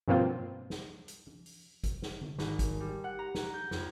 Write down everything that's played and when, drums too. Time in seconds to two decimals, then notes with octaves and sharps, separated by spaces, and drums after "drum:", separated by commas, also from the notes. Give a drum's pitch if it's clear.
0.08 G2 B2 F3 A#3 C4 F4
0.70 drum: snare
1.08 drum: hi-hat
1.27 drum: tom
1.46 drum: open hi-hat
1.84 drum: kick G1, hi-hat
2.02 drum: snare
2.21 drum: tom D3
2.38 G#1, drum: snare
2.59 drum: kick G1, hi-hat
2.80 G3
3.04 F#5
3.19 A#5
3.35 drum: snare
3.54 G6
3.71 F2, drum: snare